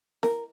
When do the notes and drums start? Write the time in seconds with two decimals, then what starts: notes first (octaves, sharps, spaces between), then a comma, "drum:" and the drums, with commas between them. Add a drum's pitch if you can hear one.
0.23 A#4, drum: snare E4